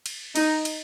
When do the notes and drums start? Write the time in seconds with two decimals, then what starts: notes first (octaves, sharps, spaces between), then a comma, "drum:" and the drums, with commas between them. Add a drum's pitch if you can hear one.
0.06 drum: cymbal
0.35 D#4, drum: cymbal
0.65 drum: cymbal